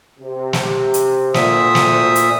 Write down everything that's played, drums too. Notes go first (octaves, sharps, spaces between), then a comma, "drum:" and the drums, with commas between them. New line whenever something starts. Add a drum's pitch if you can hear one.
C3
drum: snare
drum: hi-hat
D2 A#2 F#4 C5 E5 D#6, drum: snare
drum: snare
drum: hi-hat